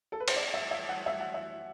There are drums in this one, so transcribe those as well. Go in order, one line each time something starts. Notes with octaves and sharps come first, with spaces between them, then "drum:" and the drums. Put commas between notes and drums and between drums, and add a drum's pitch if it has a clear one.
A4
B4
C5, drum: cymbal
D5
E5
E5
F#5
E5
F#5
E5